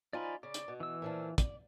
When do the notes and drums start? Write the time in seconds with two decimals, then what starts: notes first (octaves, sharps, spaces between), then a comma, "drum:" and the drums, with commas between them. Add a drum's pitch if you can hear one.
0.13 F3 D#4 F4 D5 G#5 B5
0.43 C#3 D5
0.54 drum: hi-hat
0.68 B2
0.80 E3 E6
1.02 A#2 F3 D4
1.38 D5, drum: kick, hi-hat